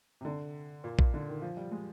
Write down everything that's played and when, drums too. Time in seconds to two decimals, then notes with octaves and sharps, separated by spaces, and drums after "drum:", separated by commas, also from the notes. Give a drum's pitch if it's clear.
0.21 C3
0.25 D3
0.84 A#2
0.99 A#2, drum: kick A#1
1.14 D3
1.29 D#3
1.42 F3
1.57 G3
1.72 G#3